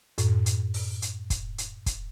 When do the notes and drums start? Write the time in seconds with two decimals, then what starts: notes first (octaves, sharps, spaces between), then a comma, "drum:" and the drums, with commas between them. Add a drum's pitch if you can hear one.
0.18 F#2 A2, drum: hi-hat
0.46 drum: hi-hat
0.74 drum: open hi-hat
1.02 drum: hi-hat
1.30 drum: kick, hi-hat
1.58 drum: hi-hat
1.86 drum: kick, hi-hat